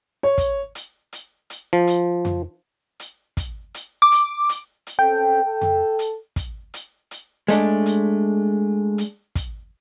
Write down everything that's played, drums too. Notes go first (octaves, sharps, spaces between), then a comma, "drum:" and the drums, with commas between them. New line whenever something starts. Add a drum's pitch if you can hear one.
C#5
drum: kick, hi-hat
drum: hi-hat
drum: hi-hat
drum: hi-hat
F3
drum: hi-hat
drum: tom F2
drum: hi-hat
drum: kick, hi-hat
drum: hi-hat
D6
drum: hi-hat
drum: hi-hat
drum: hi-hat
C4 C#4 A4 G5
A4
drum: tom F2
drum: hi-hat
drum: kick, hi-hat
drum: hi-hat
drum: hi-hat
G#3 A3 D4, drum: hi-hat
drum: hi-hat
drum: hi-hat
drum: kick, hi-hat